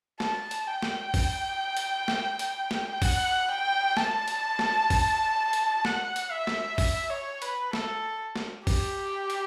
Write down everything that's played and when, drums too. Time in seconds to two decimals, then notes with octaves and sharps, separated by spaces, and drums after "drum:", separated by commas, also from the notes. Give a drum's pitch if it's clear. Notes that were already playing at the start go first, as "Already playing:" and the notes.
0.20 A5, drum: snare
0.51 drum: hi-hat
0.67 G5
0.82 drum: snare
1.14 drum: kick, open hi-hat
1.77 drum: hi-hat
2.08 drum: snare
2.39 drum: hi-hat
2.71 drum: snare
3.02 F#5, drum: kick, open hi-hat
3.49 G5
3.97 A5, drum: snare
4.28 drum: hi-hat
4.59 drum: snare
4.90 drum: kick, open hi-hat
5.53 drum: hi-hat
5.85 F#5, drum: snare
6.16 drum: hi-hat
6.32 E5
6.47 drum: snare
6.78 E5, drum: kick, open hi-hat
7.10 C#5
7.42 B4, drum: hi-hat
7.73 A4, drum: snare
8.36 drum: snare
8.67 G4, drum: kick, open hi-hat
9.30 drum: hi-hat